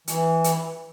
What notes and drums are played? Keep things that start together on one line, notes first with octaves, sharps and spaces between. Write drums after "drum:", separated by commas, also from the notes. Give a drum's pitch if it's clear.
E3, drum: hi-hat
drum: hi-hat